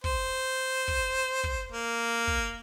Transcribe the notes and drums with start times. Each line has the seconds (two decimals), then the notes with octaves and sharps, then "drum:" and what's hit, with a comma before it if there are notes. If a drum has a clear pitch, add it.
0.04 C5, drum: kick
0.88 drum: kick
1.44 drum: kick
1.72 A#3
2.27 drum: kick